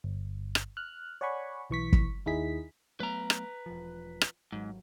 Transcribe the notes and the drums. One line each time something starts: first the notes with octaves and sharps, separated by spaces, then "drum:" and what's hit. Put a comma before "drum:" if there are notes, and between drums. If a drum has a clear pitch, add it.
G1
drum: rim click
F6 F#6
C#5 D5 F#5 G#5 B5 C#6
B1 E3 C#6 B6
drum: kick
D#2 D#4 E4 G#4 B6
F#3 A3 B3 B4 A#5
drum: rim click
E1 F3
drum: rim click
G#1 G#2 F#3